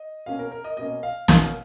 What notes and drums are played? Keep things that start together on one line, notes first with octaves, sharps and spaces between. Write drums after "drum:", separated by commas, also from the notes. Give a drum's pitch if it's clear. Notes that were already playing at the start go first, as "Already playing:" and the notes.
Already playing: D#5
B2 A#3 C#4 F5
A#4
A#4
D#5
B2 A#3 C#4 D#5
F5
B2 A#3 C#4 F5, drum: snare